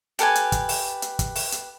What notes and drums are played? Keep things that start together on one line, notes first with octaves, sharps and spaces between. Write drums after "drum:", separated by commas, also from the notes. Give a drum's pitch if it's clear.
G4 A4 B4 G#5, drum: hi-hat
drum: hi-hat
drum: kick, hi-hat
drum: open hi-hat
drum: hi-hat
drum: kick, hi-hat
drum: open hi-hat
drum: hi-hat